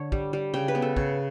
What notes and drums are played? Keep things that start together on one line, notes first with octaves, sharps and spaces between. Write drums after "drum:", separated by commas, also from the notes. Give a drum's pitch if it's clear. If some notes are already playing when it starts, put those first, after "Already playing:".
Already playing: D3 C#5
G3, drum: kick
G3
C#3 G5
B4
B3
A4
C#3, drum: kick